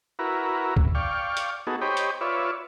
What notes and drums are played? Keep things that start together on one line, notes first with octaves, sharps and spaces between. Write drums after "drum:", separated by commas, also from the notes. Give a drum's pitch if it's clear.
E4 F#4 A#4 B4
drum: kick
D5 F5 G5 C#6
drum: hi-hat
B3 D#4 F#4 G#4 A4
G4 C5 C#5 D#5 G5 B5
drum: hi-hat
F4 B4 C#5 D5 E5